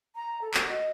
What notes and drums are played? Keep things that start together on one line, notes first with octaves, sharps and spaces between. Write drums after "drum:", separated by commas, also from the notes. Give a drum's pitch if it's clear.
A#5
A4
F#4, drum: clap
D#5